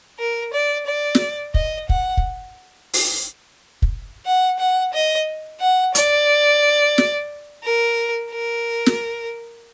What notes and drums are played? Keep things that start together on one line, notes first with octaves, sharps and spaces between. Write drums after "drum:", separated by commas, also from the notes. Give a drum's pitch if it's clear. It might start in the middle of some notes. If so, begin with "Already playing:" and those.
A#4
D5
D5
drum: snare
D#5, drum: kick
F#5, drum: kick
drum: kick
drum: open hi-hat
drum: kick
F#5
F#5
D#5
F#5
D5, drum: hi-hat
drum: snare
A#4
A#4
drum: snare